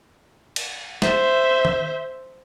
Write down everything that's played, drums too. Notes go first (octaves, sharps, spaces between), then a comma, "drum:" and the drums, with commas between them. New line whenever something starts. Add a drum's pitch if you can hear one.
drum: cymbal
C5 E5, drum: snare
drum: tom D#3